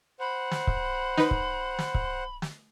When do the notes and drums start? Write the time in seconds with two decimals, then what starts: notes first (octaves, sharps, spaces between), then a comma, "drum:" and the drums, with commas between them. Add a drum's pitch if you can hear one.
0.20 C5 F#5 B5
0.51 drum: snare
0.67 drum: kick C#1
1.18 D#4 B4, drum: snare
1.31 drum: kick C#1
1.79 drum: snare
1.94 drum: kick C#1
2.42 drum: snare